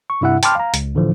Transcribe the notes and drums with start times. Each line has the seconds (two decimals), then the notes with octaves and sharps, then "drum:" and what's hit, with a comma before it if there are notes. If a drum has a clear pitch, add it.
0.10 C#6
0.21 G2 C3 E4 E5 F#5
0.43 G5 A5 B5 C6 D6 F6, drum: hi-hat
0.55 F5 A#5
0.74 C#2, drum: hi-hat
0.95 A2 D3 E3 F3